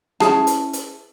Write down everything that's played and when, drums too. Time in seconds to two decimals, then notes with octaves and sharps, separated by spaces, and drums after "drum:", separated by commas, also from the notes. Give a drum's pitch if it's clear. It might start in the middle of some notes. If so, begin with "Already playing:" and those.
0.20 C#4 E4 G#4 A5, drum: rim click
0.47 drum: hi-hat
0.73 drum: hi-hat